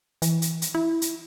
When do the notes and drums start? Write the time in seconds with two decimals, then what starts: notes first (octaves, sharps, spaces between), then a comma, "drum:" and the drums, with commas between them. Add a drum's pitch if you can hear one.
0.22 E3, drum: hi-hat
0.42 drum: hi-hat
0.62 drum: hi-hat
0.75 E4
1.02 drum: hi-hat